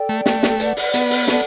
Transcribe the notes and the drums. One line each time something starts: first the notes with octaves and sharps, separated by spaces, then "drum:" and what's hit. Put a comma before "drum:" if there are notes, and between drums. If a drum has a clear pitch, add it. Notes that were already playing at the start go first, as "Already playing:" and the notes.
Already playing: A4 D5 G5
A3
A3, drum: snare
drum: snare
B4 D5 F#5, drum: hi-hat
drum: open hi-hat
B3, drum: hi-hat
drum: open hi-hat
A4 D5 F#5 A5, drum: snare